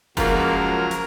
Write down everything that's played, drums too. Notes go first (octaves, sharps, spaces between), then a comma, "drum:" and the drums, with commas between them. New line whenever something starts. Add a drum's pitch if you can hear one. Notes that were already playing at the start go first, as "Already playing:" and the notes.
C#2 F3 F#3 A#3 A#4, drum: kick F1, open hi-hat
drum: hi-hat